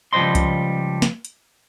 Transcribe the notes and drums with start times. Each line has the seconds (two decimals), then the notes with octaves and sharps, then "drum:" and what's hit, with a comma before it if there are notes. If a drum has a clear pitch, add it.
0.13 C#2 F3 G3 C5 D#5 C6
0.35 drum: kick C2, hi-hat
1.02 drum: snare
1.25 drum: hi-hat